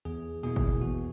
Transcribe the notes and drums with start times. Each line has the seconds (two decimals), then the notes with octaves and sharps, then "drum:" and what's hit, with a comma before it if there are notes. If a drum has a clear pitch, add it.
0.05 E2 G#4
0.43 B2 A#3 E4 G#4
0.56 drum: kick
0.81 E2 F#4